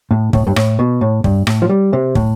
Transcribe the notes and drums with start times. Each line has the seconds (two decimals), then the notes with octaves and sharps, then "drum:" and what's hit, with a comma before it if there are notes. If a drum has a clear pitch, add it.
0.11 A2
0.33 A2, drum: kick
0.47 G2
0.56 A2, drum: rim click
0.79 B2
1.01 A2
1.24 G2, drum: kick
1.47 A2, drum: rim click
1.62 F3
1.69 G3
1.93 C3
2.15 A2, drum: kick